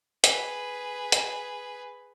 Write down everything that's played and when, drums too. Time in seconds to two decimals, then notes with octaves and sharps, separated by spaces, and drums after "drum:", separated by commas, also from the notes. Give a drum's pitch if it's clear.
0.24 G#4 B4, drum: hi-hat
1.12 drum: hi-hat